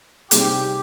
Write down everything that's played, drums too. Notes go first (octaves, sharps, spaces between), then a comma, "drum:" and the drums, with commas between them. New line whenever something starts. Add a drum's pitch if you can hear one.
C3 G3 C4 D#4 G4 G#4, drum: hi-hat